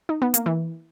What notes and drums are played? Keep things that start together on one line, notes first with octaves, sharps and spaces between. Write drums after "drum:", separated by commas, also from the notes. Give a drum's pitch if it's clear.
D#4
B3
A#3, drum: hi-hat
E3